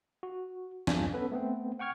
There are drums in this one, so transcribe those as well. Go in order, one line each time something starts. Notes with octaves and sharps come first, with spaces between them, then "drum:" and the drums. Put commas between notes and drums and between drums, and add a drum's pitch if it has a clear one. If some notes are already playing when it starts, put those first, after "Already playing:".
F#4
B1 E2 G2 D4 F4 G#5, drum: snare
B3 C#4 A4 B4
A3 B3 C4
F#5 G5 C#6 F6 G#6